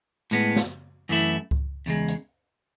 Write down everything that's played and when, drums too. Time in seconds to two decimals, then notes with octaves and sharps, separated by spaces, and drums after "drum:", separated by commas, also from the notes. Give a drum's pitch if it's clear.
0.31 A2 G#3 B3
0.56 drum: snare
1.09 F#2 E3 A3 E4
1.51 drum: kick C#2
1.86 E2 C#3 G#3
2.08 drum: hi-hat